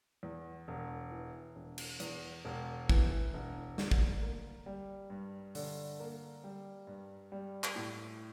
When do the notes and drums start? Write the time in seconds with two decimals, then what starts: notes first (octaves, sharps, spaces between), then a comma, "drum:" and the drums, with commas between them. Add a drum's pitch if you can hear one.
0.23 E2
0.68 E1
1.12 E3
1.56 E1
1.78 drum: cymbal
2.00 E2, drum: hi-hat
2.45 E1
2.89 E3, drum: kick
3.34 E1
3.78 D3, drum: snare
3.91 drum: kick
4.22 A#3
4.66 G3
5.10 G2
5.55 D3, drum: open hi-hat
6.00 A#3
6.44 G3
6.87 G2
7.32 G3
7.64 drum: clap
7.76 A2